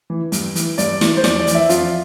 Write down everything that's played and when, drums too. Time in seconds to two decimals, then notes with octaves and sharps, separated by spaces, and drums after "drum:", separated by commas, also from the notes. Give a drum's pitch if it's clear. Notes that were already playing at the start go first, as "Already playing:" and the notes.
0.10 E3
0.32 G2, drum: hi-hat
0.55 E3, drum: hi-hat
0.78 G2 D5, drum: hi-hat
1.01 E3, drum: snare
1.17 C5
1.24 F2 D5, drum: snare
1.39 D5
1.47 E3, drum: hi-hat
1.55 E5
1.69 F2 F4, drum: hi-hat